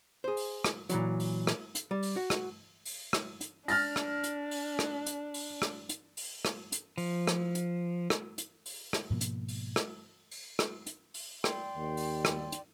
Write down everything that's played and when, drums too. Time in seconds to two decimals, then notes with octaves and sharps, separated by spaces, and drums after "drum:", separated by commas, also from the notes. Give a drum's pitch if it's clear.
0.24 G#4 C5
0.37 drum: open hi-hat
0.64 drum: rim click
0.90 A#2 E3 F#3, drum: hi-hat
1.20 drum: open hi-hat
1.47 drum: rim click
1.75 drum: hi-hat
1.91 G3
2.03 drum: open hi-hat
2.16 F#4
2.30 drum: rim click
2.85 drum: open hi-hat
3.13 drum: rim click
3.41 drum: hi-hat
3.68 D4 F6 A6 A#6, drum: open hi-hat
3.96 drum: rim click
4.24 drum: hi-hat
4.51 drum: open hi-hat
4.79 drum: rim click
5.06 drum: hi-hat
5.34 drum: open hi-hat
5.62 drum: rim click
5.89 drum: hi-hat
6.17 drum: open hi-hat
6.45 drum: rim click
6.72 drum: hi-hat
6.98 F3, drum: open hi-hat
7.27 drum: rim click
7.55 drum: hi-hat
8.10 drum: rim click
8.38 drum: hi-hat
8.66 drum: open hi-hat
8.93 drum: rim click
9.10 G#2 B2 F3 A#3
9.21 drum: hi-hat
9.48 drum: open hi-hat
9.76 drum: rim click
10.31 drum: open hi-hat
10.59 drum: rim click
10.87 drum: hi-hat
11.14 drum: open hi-hat
11.44 D5 G5 C6, drum: rim click
11.76 D#2
11.97 drum: open hi-hat
12.25 drum: rim click
12.52 drum: hi-hat